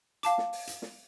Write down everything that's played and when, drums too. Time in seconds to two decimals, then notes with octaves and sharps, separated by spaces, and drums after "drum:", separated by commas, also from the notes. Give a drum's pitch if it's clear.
0.23 F5 A5 D6, drum: hi-hat
0.38 drum: snare
0.53 drum: open hi-hat
0.67 drum: hi-hat
0.82 drum: snare